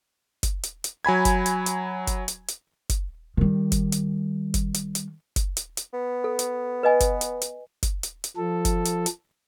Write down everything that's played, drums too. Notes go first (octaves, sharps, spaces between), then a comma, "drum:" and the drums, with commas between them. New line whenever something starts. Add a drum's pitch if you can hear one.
drum: kick, hi-hat
drum: hi-hat
drum: hi-hat
F#3 G#5 B5 G#6
drum: kick, hi-hat
drum: hi-hat
drum: hi-hat
drum: kick, hi-hat
drum: hi-hat
drum: hi-hat
drum: kick, hi-hat
D#3 G3
drum: kick, hi-hat
drum: hi-hat
drum: kick, hi-hat
drum: hi-hat
drum: hi-hat
drum: kick, hi-hat
drum: hi-hat
drum: hi-hat
B3
A4
drum: hi-hat
B4 D#5 G#5
drum: kick, hi-hat
drum: hi-hat
drum: hi-hat
drum: kick, hi-hat
drum: hi-hat
drum: hi-hat
F3 A4
drum: kick, hi-hat
drum: hi-hat
drum: hi-hat